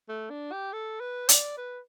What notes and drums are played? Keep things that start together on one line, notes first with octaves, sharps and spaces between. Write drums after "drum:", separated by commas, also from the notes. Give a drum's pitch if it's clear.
A3
D4
G4
A4
B4
D5, drum: hi-hat
B4